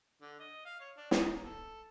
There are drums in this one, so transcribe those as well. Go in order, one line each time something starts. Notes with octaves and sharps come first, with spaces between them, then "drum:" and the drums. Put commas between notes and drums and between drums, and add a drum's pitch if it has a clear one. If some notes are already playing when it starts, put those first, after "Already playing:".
D3
D#5
F5
C#5
D4
D#4, drum: snare
A4